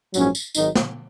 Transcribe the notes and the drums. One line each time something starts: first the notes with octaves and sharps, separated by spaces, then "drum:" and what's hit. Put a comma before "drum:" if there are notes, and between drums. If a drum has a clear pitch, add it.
A#1 G#2 F#3 C#4, drum: tambourine
drum: tambourine
G#1 G#2 D#3 F#3 D#4, drum: tambourine
drum: snare